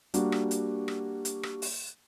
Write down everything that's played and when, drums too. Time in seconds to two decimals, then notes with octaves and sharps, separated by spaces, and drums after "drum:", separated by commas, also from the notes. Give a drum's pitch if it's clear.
0.14 G3 A#3 D4 F#4, drum: hi-hat
0.32 drum: rim click
0.51 drum: hi-hat
0.88 drum: rim click
1.25 drum: hi-hat
1.43 drum: rim click
1.62 drum: open hi-hat